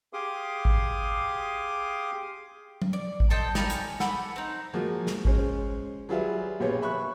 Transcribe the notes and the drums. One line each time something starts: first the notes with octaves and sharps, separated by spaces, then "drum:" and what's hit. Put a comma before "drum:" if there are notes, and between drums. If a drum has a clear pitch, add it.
G4 G#4 F5 C6 D6 D#6
drum: kick G#1
drum: tom F#3
D5
drum: kick G#1
C4 A4 D#5 G5
D#4 F4 G4 B5, drum: snare
C#5 G#5, drum: hi-hat
A4 F#5 B5 D6, drum: snare
C4 D#4
F3 G#3 A#3 F#4
drum: snare
G#3 C#4 C5, drum: kick G#1
F#3 G3 F4 G#4 B4 E5
A#1 B2 B3 G4 G#4 C#5
E5 B5 C#6 F#6